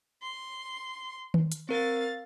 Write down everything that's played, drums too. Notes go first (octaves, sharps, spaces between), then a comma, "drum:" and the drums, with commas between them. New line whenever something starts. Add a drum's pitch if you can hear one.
C6
drum: tom D#3
drum: hi-hat
C4 A#4 F5 A6